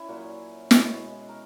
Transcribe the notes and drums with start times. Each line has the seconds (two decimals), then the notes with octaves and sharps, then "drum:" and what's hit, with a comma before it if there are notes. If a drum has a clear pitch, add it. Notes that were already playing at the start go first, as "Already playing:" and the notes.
Already playing: C#4 E4
0.08 A#2 F#3
0.71 B2 G#3, drum: snare
1.29 A#4